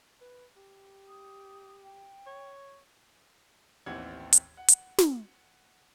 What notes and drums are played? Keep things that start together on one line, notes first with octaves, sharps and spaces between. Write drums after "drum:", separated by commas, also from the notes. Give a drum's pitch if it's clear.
B4
G4
D#6
G5
C#5
A1 D#2 E3 C4 F#5 G#6
drum: hi-hat
F#5
drum: hi-hat
drum: snare